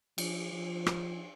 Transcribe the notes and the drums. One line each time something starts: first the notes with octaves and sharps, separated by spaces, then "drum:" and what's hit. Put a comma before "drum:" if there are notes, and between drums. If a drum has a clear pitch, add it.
F3, drum: cymbal
F3
drum: rim click